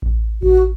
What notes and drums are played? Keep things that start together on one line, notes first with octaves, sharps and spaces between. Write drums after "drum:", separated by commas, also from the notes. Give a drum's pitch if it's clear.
drum: kick A1
F#4, drum: kick A1